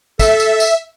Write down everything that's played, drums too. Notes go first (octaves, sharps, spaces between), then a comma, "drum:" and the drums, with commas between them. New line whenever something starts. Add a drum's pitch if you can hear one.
A4 E5, drum: kick, tambourine
drum: tambourine
drum: tambourine